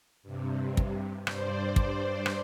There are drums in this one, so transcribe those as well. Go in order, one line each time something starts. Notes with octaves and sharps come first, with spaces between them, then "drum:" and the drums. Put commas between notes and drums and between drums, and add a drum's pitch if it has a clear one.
G2 C3
drum: kick
G2 C5 D5, drum: rim click
drum: kick
drum: rim click